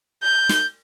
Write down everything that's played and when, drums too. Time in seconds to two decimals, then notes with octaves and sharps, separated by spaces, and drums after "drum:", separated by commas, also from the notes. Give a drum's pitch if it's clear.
0.23 G6
0.49 drum: snare